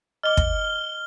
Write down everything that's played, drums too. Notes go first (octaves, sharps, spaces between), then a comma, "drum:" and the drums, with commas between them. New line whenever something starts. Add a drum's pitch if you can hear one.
D#5 D6 F6 G7
drum: kick